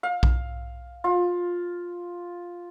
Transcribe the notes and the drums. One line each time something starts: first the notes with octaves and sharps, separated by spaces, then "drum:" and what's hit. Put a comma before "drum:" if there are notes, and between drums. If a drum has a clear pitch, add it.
F5
drum: kick A#1
F4